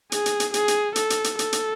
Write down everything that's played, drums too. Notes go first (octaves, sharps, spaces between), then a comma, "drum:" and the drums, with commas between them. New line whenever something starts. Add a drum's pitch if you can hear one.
G#4, drum: hi-hat
drum: hi-hat
drum: hi-hat
G#4, drum: hi-hat
drum: hi-hat
A4, drum: hi-hat
drum: hi-hat
drum: hi-hat
A4, drum: hi-hat
drum: hi-hat